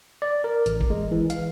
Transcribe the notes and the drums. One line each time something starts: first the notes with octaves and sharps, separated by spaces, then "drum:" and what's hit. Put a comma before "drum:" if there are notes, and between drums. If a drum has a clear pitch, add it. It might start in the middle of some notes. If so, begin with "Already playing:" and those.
D5
A#4
A1, drum: hi-hat
drum: kick
G#3
E3
F5, drum: hi-hat